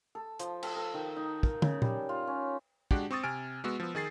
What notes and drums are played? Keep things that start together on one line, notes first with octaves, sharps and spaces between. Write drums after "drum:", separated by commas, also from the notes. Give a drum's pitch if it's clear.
A4
F3, drum: hi-hat
A4, drum: cymbal
A4
D#3
D#4
A#4, drum: kick
C#3, drum: tom
G3, drum: tom
F4
C#4
G#3 D4 F#4 G4 F#5, drum: kick
C4 C#6 D#6 A6
C3 G#5 F6 D7
G#3 B3 F#4 E6
F3 B3
D#3 G#4 A6 C7